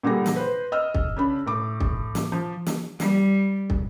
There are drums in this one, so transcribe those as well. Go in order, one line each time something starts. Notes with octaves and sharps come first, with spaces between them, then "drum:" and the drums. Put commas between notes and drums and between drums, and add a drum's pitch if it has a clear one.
A#2 D3 G3 G#4 A#6
drum: snare
B4 C5
D#5 E6 F6
drum: kick
C#3 D4 B5
A2 D6
drum: kick
drum: snare
F3
drum: snare
G3, drum: snare
drum: kick